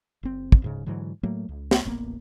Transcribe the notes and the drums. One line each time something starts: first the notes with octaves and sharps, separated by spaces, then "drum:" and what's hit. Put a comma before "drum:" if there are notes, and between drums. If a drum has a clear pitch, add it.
F#1 C4
drum: kick
D1 G#2 C#3
G#2 D3 E3 F#3
A2 F#3 A3 A#3
C#2
drum: snare
D#1 A1 A#3 B3